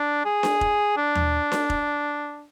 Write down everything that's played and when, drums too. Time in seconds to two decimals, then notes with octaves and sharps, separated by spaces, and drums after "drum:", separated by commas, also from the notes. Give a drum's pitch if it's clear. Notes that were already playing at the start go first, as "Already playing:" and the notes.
Already playing: D4
0.25 G#4
0.43 drum: snare D4
0.61 drum: kick F1
0.97 D4
1.15 drum: tom D#2
1.52 drum: snare D4
1.70 drum: kick F1